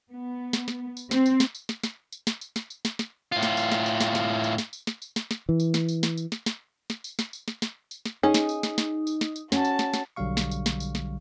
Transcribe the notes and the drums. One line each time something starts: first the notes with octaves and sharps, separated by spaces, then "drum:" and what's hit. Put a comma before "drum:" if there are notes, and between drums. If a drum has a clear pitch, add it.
B3
drum: snare
drum: snare
drum: tambourine
C4, drum: snare
drum: tambourine
drum: snare
drum: tambourine
drum: snare
drum: snare
drum: tambourine
drum: snare
drum: tambourine
drum: snare
drum: tambourine
drum: snare
drum: snare
A2 F4
drum: snare
drum: tambourine
drum: snare
drum: tambourine
drum: snare
drum: snare
drum: tambourine
drum: snare
drum: tambourine
drum: snare
drum: tambourine
drum: snare
drum: snare
E3
drum: tambourine
drum: snare
drum: tambourine
drum: snare
drum: tambourine
drum: snare
drum: snare
drum: snare
drum: tambourine
drum: snare
drum: tambourine
drum: snare
drum: snare
drum: tambourine
drum: snare
C#4 D#4 G#4
drum: snare
drum: tambourine
drum: snare
drum: snare
drum: tambourine
drum: snare
drum: tambourine
C#4 F#4 A5, drum: snare
drum: tambourine
drum: snare
drum: snare
B1 D3 F#3 G3 F5 C#6
drum: snare
drum: tambourine
drum: snare
drum: tambourine
drum: snare